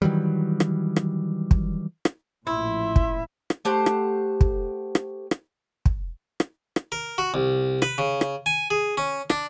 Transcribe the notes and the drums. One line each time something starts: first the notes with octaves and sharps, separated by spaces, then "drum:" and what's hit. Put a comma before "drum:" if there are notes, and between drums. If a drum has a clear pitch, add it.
D#3 E3 F#3 G3
drum: rim click
drum: rim click
drum: kick
drum: rim click
A1 A#2 F3 E4 E5 C6
drum: kick
drum: rim click
A3 G4 C5 F#5
drum: rim click
drum: kick
drum: rim click
drum: rim click
drum: kick
drum: rim click
drum: rim click
A#4
F#4
C2
B4, drum: rim click
C#3
drum: rim click
G#5
G#4
C#4
D4, drum: rim click